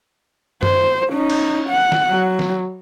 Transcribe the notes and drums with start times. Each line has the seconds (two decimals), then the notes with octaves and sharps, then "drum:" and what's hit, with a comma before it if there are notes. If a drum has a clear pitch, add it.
0.63 C5, drum: tom F#2
1.10 C#4 D#4
1.30 drum: cymbal
1.70 F#5
1.92 drum: snare
2.10 F#3
2.39 drum: snare